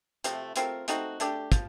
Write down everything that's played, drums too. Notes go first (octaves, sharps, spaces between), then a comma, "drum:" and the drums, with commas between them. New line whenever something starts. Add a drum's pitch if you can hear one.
C3 F3 A3, drum: hi-hat
A3 C4 F4 A#4, drum: hi-hat
A3 C4 D#4 F#4, drum: hi-hat
A3 D4 G4, drum: hi-hat
F3, drum: kick, hi-hat